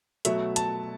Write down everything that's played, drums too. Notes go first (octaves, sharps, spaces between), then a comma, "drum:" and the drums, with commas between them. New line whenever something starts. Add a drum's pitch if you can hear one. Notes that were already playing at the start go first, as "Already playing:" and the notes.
B2 F#3 A3 E5, drum: hi-hat
A5, drum: hi-hat